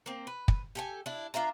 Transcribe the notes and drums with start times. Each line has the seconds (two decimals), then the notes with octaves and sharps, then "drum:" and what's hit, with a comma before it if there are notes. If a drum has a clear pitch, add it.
0.06 A#3 C4
0.27 B4
0.48 drum: kick
0.75 G4 A4 G#5
1.06 D4 E4
1.34 D4 F4 E5 A#5